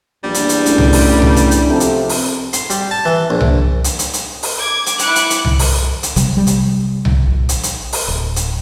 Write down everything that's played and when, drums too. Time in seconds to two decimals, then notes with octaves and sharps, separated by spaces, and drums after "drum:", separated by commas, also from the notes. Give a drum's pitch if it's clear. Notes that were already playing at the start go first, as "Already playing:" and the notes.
0.24 A#1 E2 G3 D4
0.34 drum: hi-hat
0.49 drum: hi-hat
0.66 A1, drum: hi-hat
0.78 drum: tom C2
0.93 drum: open hi-hat
1.22 drum: tom C2
1.36 drum: hi-hat
1.51 drum: hi-hat
1.70 C3 F3 A4
1.80 drum: hi-hat
2.09 drum: open hi-hat
2.53 C6, drum: hi-hat
2.70 G3, drum: hi-hat
2.91 A5
3.05 E3
3.30 A#1
3.41 drum: tom C2
3.84 drum: hi-hat
3.99 drum: hi-hat
4.13 drum: hi-hat
4.43 drum: open hi-hat
4.60 D6 G#6
4.86 drum: hi-hat
4.99 E4 D6 F#6 G#6 C#7, drum: hi-hat
5.16 drum: hi-hat
5.30 drum: hi-hat
5.45 drum: tom C2
5.59 drum: open hi-hat
6.03 drum: hi-hat
6.16 B1 C3 F#3 G3, drum: hi-hat
6.37 C3 G3
6.47 drum: hi-hat
7.05 drum: tom C2
7.27 A#1
7.49 drum: hi-hat
7.63 drum: hi-hat
7.93 drum: open hi-hat
8.08 D1
8.36 drum: hi-hat